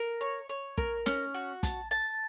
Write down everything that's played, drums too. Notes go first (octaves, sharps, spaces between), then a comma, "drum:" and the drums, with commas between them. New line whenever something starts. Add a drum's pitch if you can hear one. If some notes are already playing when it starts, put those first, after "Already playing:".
Already playing: A#4
C#5
C#5
A#4, drum: kick
C#4, drum: snare
F#4
A5, drum: kick, hi-hat
A5